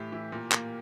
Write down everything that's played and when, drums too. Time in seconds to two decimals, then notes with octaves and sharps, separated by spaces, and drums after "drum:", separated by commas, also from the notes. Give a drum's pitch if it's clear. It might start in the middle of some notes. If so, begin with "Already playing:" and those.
Already playing: A2 E3 G4
0.12 E3
0.32 A#2
0.52 A#3, drum: clap